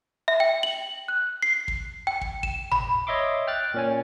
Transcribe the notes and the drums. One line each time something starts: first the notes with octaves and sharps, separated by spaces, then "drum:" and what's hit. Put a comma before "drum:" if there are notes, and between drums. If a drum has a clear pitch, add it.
E5
G5
F#7
F#6
C7
drum: kick
G5
drum: kick
E7, drum: kick
B5, drum: tom G1
C#5 D#5 E5 C6 D6
G5 F6 F#6 A6
A#2 C#4 G#5